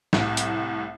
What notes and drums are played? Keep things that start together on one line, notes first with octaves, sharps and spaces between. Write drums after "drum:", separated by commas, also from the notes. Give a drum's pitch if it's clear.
C2 A2, drum: snare
drum: hi-hat